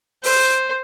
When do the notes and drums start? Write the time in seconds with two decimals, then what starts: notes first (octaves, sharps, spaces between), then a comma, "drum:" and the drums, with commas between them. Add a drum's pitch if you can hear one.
0.24 C5, drum: open hi-hat